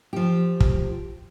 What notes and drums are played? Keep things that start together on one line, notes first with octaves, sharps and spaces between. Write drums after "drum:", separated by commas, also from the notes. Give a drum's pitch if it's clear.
F3 G4
drum: kick